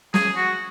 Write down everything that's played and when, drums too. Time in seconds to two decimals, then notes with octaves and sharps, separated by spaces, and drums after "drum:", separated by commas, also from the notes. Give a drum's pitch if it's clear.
0.14 G#4, drum: snare
0.36 F#4